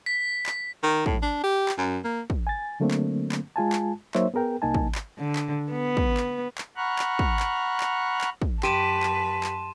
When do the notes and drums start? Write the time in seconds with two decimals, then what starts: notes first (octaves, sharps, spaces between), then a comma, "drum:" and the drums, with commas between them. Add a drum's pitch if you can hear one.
0.06 B6
0.46 drum: clap
0.83 D#3
1.06 A2, drum: kick
1.22 D4
1.43 G4
1.69 drum: clap
1.78 F#2
2.04 A#3
2.30 drum: kick
2.47 G#5 A6
2.80 D3 F#3 A3 A#3 C4 D4
2.91 drum: clap
3.32 drum: clap
3.56 G#3 F4 G#5 A5
3.73 drum: clap
4.15 F#3 A#3 D#4 C5 C#5 E5, drum: clap
4.34 B3 G#4 A#4 G5
4.62 C2 A#3 D#4 G#5 A5
4.74 drum: kick
4.95 drum: clap
5.18 D3
5.36 drum: clap
5.71 B3
5.97 drum: kick
6.17 drum: clap
6.58 drum: clap
6.77 F#5 A#5 B5 C#6 F6 F#6
6.99 drum: clap
7.19 drum: kick
7.40 drum: clap
7.80 drum: clap
8.21 drum: clap
8.42 drum: kick
8.63 F#2 G4 B4 A5 C6 D#7 E7, drum: clap
9.03 drum: clap
9.44 drum: clap